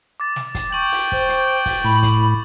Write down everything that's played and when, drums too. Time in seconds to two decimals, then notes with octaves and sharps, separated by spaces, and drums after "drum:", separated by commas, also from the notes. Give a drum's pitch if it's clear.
0.20 D6 A6
0.36 drum: snare
0.55 drum: kick, hi-hat
0.73 G5 C#6 G6 F#7
0.92 drum: open hi-hat
1.12 C5, drum: kick
1.29 drum: hi-hat
1.66 drum: kick, open hi-hat
1.84 A2 B5
2.03 drum: kick, hi-hat